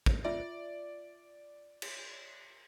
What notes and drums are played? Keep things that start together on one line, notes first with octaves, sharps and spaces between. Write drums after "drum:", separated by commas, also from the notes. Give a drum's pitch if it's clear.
drum: kick
F4 D5 E5
drum: cymbal